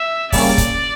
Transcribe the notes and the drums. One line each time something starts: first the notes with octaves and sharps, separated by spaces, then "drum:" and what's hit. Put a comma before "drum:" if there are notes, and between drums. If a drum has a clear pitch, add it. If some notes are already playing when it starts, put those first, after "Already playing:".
Already playing: E5
C#3 G3 A#3 C#4 D5, drum: kick, open hi-hat
drum: kick, hi-hat